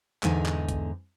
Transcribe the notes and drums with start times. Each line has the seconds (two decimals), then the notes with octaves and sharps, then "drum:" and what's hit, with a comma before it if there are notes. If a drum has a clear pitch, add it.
0.23 E2 G#2 D3 D#4 G#5, drum: clap
0.46 drum: clap
0.69 drum: kick B1, hi-hat